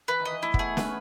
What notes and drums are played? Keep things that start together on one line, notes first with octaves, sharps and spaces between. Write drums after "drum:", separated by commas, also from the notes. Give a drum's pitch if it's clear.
E3 B4
D#3
D#5
E3
A3 E4
B3, drum: kick
A3 G#4
B3 B4, drum: snare
C#4